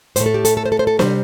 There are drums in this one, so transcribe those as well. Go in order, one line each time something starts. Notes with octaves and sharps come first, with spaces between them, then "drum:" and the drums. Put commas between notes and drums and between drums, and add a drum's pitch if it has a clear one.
A2 A3 C5, drum: hi-hat
A4
G4
A4, drum: hi-hat
A4
C5
A4
C5
A4
C3 G3 C5, drum: snare